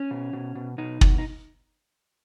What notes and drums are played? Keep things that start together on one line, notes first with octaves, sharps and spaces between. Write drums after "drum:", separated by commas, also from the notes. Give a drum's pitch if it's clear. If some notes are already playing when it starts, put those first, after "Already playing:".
Already playing: C#4
B2
B2
B2
B2 D#4
B2, drum: kick
D#4